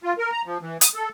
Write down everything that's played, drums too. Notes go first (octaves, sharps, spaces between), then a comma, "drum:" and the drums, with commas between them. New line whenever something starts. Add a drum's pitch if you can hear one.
F4
A#4
A#5
F3
E3
D#6, drum: hi-hat
A4